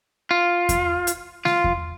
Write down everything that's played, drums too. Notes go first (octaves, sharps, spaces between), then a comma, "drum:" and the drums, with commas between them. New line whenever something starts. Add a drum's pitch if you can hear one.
F4
drum: kick E2, hi-hat
drum: hi-hat
F4, drum: snare
drum: kick E2